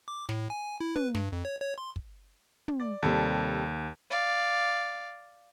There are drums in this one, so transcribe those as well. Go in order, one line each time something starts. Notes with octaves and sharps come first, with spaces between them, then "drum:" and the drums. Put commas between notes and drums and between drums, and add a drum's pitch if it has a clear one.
D6
A2, drum: snare
G#5
E4
B4, drum: tom
G2, drum: snare
F2
C#5
C#5
C6
drum: kick
drum: tom
D5
D#2 C3 G3 A4
D5 F5